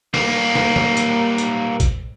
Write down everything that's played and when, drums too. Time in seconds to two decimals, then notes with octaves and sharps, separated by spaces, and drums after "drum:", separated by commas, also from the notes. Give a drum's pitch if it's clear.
0.14 G3 A#3, drum: snare
0.55 drum: snare
0.76 drum: tom
0.97 drum: hi-hat
1.38 drum: hi-hat
1.80 drum: kick A1, hi-hat